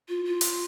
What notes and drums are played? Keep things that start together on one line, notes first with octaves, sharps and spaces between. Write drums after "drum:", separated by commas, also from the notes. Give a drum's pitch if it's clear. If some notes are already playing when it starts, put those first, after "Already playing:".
F4
F4
drum: hi-hat